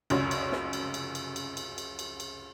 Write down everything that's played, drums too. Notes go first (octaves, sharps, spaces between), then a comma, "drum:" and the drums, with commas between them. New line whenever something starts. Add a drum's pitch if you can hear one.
F1 C#2 F#2 F#4 C#5 C6, drum: cymbal
drum: cymbal
drum: snare
drum: cymbal
drum: cymbal
drum: cymbal
drum: cymbal
drum: cymbal
drum: cymbal
drum: cymbal
drum: cymbal